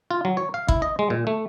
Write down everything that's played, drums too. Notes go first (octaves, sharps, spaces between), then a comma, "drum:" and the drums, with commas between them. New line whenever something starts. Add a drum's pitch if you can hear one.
F4
F#3
C#5
F5
E4, drum: kick G#1
D#5
G#3
A#2
A3